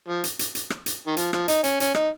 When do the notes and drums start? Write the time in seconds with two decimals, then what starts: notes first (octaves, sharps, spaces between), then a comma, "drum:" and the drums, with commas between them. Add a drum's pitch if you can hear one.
0.08 F3
0.24 drum: hi-hat
0.39 drum: hi-hat
0.55 drum: hi-hat
0.70 drum: rim click
0.86 drum: hi-hat
1.07 D#3
1.17 F3, drum: hi-hat
1.33 F3, drum: rim click
1.48 D#4, drum: hi-hat
1.64 C#4, drum: hi-hat
1.80 C#4, drum: hi-hat
1.95 D#4, drum: rim click